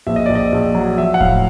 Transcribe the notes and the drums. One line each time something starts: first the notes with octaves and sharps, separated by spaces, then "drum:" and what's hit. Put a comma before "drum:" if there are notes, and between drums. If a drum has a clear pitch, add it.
A#1 E5
D#5
A#1 D5
D#5
A#1
F#3
F3 E5
F#5
A2 F5, drum: kick D#1